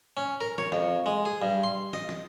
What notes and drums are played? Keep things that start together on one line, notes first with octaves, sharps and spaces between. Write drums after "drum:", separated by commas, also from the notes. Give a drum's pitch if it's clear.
C#4
A#4
C#5, drum: snare
F2, drum: snare
G#3
G#4
G2
C6
D#5, drum: snare
drum: snare